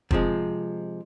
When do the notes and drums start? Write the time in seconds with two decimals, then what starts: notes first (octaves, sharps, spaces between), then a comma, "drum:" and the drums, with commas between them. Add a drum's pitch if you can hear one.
0.11 C3 F3 G#3, drum: kick